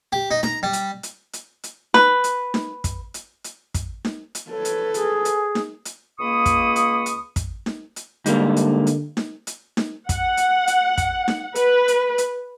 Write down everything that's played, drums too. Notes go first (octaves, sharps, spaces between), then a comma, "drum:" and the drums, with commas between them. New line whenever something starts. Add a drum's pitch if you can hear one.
G4
D#4
A#5, drum: snare D#4
G3
drum: hi-hat
drum: hi-hat
drum: hi-hat
drum: hi-hat
B4, drum: snare D#4
drum: hi-hat
drum: snare D#4
drum: kick, hi-hat
drum: hi-hat
drum: hi-hat
drum: kick, hi-hat
drum: snare D#4
drum: hi-hat
A4 B4 C#5
drum: hi-hat
G#4, drum: hi-hat
drum: hi-hat
drum: snare D#4
drum: hi-hat
C#2 A#3 B5 C#6 D#6
drum: kick, hi-hat
drum: hi-hat
drum: hi-hat
drum: kick, hi-hat
drum: snare D#4
drum: hi-hat
G#2 D3 G3 A#3, drum: hi-hat
drum: hi-hat
drum: hi-hat
drum: snare D#4
drum: hi-hat
drum: snare D#4
F#5, drum: kick, hi-hat
drum: hi-hat
drum: hi-hat
drum: kick, hi-hat
drum: snare D#4
B4, drum: hi-hat
drum: hi-hat
drum: hi-hat